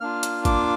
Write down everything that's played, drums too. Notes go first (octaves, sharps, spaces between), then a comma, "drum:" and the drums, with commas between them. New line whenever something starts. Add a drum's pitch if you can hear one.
A#3 D4 F4 F6
drum: hi-hat
D6, drum: kick, hi-hat